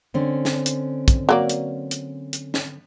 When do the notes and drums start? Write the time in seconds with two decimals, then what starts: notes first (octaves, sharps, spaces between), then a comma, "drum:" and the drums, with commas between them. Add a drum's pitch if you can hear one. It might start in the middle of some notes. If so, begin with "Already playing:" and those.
0.14 D3 C4 C#4
0.45 drum: snare
0.66 drum: hi-hat
1.08 drum: kick, hi-hat
1.29 F#3 A#3 D5
1.49 drum: hi-hat
1.91 drum: hi-hat
2.33 drum: hi-hat
2.54 drum: snare